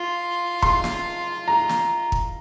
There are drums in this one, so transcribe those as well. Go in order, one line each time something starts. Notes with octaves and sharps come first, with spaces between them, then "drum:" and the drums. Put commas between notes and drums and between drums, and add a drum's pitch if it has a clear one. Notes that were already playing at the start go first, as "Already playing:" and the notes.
Already playing: F4 C6
C6, drum: kick
drum: snare
A#5
drum: snare
drum: kick